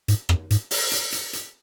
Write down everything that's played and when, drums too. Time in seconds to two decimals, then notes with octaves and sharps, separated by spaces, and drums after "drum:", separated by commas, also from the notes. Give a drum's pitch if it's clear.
0.08 G#2, drum: hi-hat
0.29 F2, drum: rim click
0.50 G#2, drum: hi-hat
0.71 drum: open hi-hat
0.92 drum: hi-hat
1.12 drum: hi-hat
1.33 drum: hi-hat